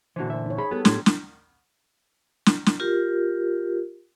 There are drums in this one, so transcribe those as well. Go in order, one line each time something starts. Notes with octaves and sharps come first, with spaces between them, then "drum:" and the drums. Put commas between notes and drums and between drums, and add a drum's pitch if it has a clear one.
A#2 D3 E3 F#4 C5
C5 E5
D#4 C#5
G#4 B5
G3 B3 G4 A4
A2 A3 B3 G4 C6 G#6, drum: snare
drum: snare
drum: snare
drum: snare
F4 G4 A#4